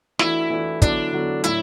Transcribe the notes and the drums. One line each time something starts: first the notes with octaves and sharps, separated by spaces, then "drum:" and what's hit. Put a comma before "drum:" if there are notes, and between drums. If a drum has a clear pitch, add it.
E3 A3 D4 E4 F#4, drum: snare
E3 A3 D4 F#4
D3 F#3 B3 D4 F#4, drum: kick, hi-hat
D3 F#3 B3 F#4
A2 F#3 E4, drum: hi-hat